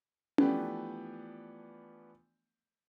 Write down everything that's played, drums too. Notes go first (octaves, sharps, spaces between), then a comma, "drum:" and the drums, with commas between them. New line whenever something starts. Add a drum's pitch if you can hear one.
E3 F3 A3 B3 D4 G4, drum: tom C#4